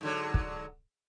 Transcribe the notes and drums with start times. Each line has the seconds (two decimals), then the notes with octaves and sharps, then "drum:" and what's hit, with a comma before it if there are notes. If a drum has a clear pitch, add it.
0.01 G#2 D3 F#3
0.34 drum: kick